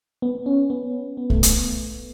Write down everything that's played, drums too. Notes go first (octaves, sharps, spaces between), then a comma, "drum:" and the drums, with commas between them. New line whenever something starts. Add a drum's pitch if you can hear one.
B3
C#4
B3
B3
A3, drum: kick
B3, drum: hi-hat